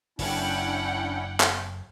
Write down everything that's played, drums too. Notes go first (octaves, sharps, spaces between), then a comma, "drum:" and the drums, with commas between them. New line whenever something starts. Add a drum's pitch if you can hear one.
F#1 C#4 D4 E4 F#5 G5, drum: open hi-hat
drum: clap